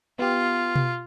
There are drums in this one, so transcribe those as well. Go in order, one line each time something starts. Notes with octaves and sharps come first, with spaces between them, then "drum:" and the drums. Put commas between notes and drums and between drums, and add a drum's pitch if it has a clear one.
B3 F4 G4
drum: tom B2